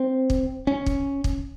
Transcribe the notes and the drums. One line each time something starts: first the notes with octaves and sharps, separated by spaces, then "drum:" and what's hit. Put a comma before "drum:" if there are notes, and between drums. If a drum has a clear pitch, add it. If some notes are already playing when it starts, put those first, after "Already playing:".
Already playing: C4
drum: kick
C#4
drum: kick
drum: kick